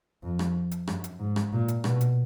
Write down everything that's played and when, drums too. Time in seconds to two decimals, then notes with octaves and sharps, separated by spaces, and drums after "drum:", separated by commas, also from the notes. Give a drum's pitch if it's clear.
0.23 F2
0.39 drum: rim click
0.71 drum: hi-hat
0.87 F#2, drum: rim click
1.04 drum: hi-hat
1.20 G#2
1.36 drum: rim click
1.53 A#2
1.68 drum: hi-hat
1.84 B2, drum: rim click
2.01 drum: hi-hat